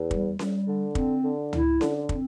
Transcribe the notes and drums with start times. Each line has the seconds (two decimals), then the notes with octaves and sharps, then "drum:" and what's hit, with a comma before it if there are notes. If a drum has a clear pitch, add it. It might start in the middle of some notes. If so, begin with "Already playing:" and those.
Already playing: E2
0.11 G3, drum: kick
0.39 G3, drum: snare C#4
0.68 D3
0.95 C4, drum: kick
1.24 D3
1.53 E4, drum: tom C#2
1.81 D3, drum: snare C#4
2.09 C4, drum: kick